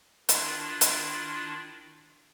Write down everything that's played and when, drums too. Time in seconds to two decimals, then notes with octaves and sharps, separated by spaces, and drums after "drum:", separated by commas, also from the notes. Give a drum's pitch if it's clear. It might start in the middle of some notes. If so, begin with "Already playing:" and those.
0.29 D#3 D4 E4 F4, drum: hi-hat
0.81 drum: hi-hat